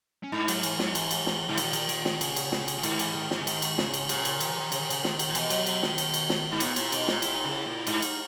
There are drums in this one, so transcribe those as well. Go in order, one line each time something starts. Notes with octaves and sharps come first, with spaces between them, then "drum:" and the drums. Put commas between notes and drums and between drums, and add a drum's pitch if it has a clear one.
C#4
G#2 D#4
F#3, drum: cymbal
E3, drum: cymbal
F#3, drum: snare
E3, drum: cymbal
drum: cymbal
drum: snare
G#2 C#3
A#2 D#3, drum: cymbal
D#3, drum: cymbal
D#3, drum: cymbal
D#3, drum: snare
C#3, drum: cymbal
drum: cymbal
C#3, drum: snare
drum: cymbal
C#3
G#2 D#3, drum: cymbal
E3, drum: cymbal
D#3
drum: snare
C#3
D#3, drum: cymbal
drum: cymbal
C#3, drum: snare
drum: cymbal
A#2 C#3, drum: cymbal
drum: cymbal
D#3, drum: cymbal
E3
D#3
C#3, drum: cymbal
D#3
C#3, drum: cymbal
D#3, drum: snare
drum: cymbal
A#2
B2 E3, drum: cymbal
F#3, drum: cymbal
F#3, drum: cymbal
D#3, drum: snare
drum: cymbal
drum: cymbal
drum: snare
G#2
A#2 B3, drum: cymbal
A#2 E4, drum: cymbal
B2 D#4, drum: cymbal
A#2, drum: snare
A#2 E4, drum: cymbal
D#4
C#3
E4
A#2
G#2 D#4, drum: cymbal
drum: cymbal